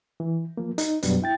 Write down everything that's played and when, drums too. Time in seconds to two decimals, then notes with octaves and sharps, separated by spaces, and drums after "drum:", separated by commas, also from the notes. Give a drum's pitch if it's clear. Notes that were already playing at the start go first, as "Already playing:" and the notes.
0.20 E3
0.57 F3 A#3
0.78 D#4, drum: hi-hat
1.03 F#2 B2 F#3 G3 B3 D4, drum: hi-hat
1.22 E4 G5 A6